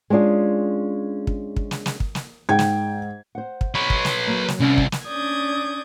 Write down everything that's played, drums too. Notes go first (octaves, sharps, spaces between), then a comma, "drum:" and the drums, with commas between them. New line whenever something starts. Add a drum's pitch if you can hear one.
G#3 C#4 D4 F4 G#4
drum: kick
drum: kick
drum: snare
drum: snare
drum: kick
drum: snare
G#2 G5 G#6
drum: snare
C5 F#5
drum: kick
B4 C#5
drum: kick
drum: snare
F#3 A#3
drum: snare
C2 C#4 D5
drum: kick
drum: snare
C#4 D4 D5 D#6 G6 G#6